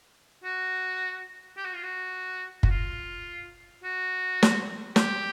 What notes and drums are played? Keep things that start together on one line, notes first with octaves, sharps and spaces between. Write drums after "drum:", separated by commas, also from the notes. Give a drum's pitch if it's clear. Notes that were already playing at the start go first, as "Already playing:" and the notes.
F#4
G4
F#4
F4
F#4
F#4, drum: kick
F4
F#4
drum: snare
G4, drum: snare